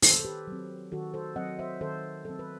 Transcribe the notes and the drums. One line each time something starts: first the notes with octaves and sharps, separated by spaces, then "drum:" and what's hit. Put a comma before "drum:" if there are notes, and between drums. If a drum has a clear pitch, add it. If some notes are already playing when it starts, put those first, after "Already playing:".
D#3 A4 C5, drum: open hi-hat
A4
G4 B4
F#3 C4
D#3 F#4 A4
A4 C5
F#3 C4 D#5 F#5
C5 E5
D#3 A4 C5
F#3 C4 A4
B4